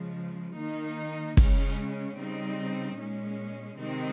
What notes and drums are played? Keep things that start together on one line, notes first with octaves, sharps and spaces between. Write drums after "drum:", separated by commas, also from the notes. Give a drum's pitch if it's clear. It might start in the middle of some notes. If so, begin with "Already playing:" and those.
Already playing: C#3 F3 G#3
D#3 A#3 D#4
C#3 G#3 C#4, drum: kick
C#3 G3 C4 D#4
A#2 G#3 C#4
C3 D#3 G#3 C4 D#4